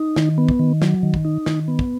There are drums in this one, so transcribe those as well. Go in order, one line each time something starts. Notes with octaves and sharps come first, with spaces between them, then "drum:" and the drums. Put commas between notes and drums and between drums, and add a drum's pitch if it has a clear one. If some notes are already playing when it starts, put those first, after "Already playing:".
Already playing: D#4
D#3, drum: snare
B3
drum: kick
D#3
F#3, drum: snare
D#3
drum: kick
D#4
D#3, drum: snare
B3
drum: kick